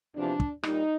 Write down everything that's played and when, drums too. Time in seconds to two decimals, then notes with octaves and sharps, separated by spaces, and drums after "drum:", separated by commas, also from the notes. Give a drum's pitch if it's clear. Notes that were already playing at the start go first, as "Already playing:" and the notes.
0.16 E2 C3 F3 D4
0.40 drum: kick
0.63 A#2 G3 D#4, drum: rim click